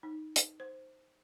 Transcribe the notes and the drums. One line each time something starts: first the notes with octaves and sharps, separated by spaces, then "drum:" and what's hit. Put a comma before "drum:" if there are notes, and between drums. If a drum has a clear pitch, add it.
D#4
drum: hi-hat
C5